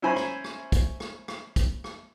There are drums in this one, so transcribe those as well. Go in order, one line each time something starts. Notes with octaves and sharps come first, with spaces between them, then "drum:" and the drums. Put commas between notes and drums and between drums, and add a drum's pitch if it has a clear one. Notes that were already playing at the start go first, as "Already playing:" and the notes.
C#4 E4 C5 G#5 A#5 B5
drum: rim click
drum: rim click
drum: kick, hi-hat
drum: rim click
drum: rim click
drum: kick, hi-hat
drum: rim click